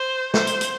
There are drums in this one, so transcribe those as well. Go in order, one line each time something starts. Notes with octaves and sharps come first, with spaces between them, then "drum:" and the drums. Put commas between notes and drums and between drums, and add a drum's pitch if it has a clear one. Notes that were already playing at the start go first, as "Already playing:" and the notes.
Already playing: C5
C5, drum: snare
drum: hi-hat
drum: hi-hat